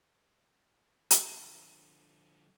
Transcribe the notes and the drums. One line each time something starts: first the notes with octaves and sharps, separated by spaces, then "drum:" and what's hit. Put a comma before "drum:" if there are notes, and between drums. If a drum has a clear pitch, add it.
D3 F3, drum: hi-hat